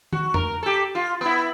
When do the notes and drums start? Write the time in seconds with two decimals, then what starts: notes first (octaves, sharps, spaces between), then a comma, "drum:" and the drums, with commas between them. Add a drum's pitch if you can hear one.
0.13 F#4, drum: tom
0.34 A#4, drum: tom F2
0.63 G4 A4
0.95 F4
1.21 B3 E4